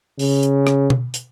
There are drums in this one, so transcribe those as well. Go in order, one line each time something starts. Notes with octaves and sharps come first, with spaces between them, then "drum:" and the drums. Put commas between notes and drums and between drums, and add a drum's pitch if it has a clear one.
C#3, drum: open hi-hat
drum: hi-hat
drum: rim click
drum: tom B2
drum: hi-hat